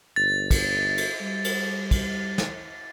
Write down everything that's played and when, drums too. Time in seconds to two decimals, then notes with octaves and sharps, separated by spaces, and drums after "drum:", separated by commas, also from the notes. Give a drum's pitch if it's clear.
0.16 G1 A6
0.51 drum: kick, cymbal
0.98 drum: cymbal
1.21 G3
1.44 drum: cymbal
1.91 drum: kick, cymbal
2.38 drum: snare